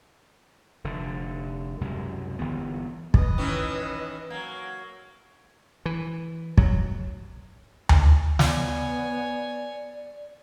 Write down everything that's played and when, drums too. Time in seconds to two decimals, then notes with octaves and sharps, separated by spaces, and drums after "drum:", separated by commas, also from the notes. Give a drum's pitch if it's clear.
0.84 F1 D3
1.81 C2 F#2 B2 G#3
2.39 G1 D3 E3 B3
3.14 B4 D#5, drum: kick
3.38 D#3 E3 C#4
4.30 F#3 A#3 G#5
5.86 E3
6.58 F#3, drum: kick
7.89 drum: tom D2
8.39 B3 C#5 D5 G#5, drum: snare